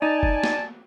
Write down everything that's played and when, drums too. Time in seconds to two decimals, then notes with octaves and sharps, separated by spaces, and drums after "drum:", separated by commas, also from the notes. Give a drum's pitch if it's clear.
0.02 D#4 D5 G#5 A5
0.23 drum: kick F#1
0.44 drum: snare